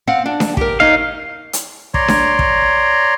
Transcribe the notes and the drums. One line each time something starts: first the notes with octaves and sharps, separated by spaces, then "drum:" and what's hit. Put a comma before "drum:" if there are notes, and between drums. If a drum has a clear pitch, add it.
C4 F5 F#5
D4
drum: snare D4
G4 A#4, drum: kick
D#4 C#5 D#5 F5
drum: hi-hat
C#5 D5 A#5 C6, drum: kick
drum: snare D4
drum: kick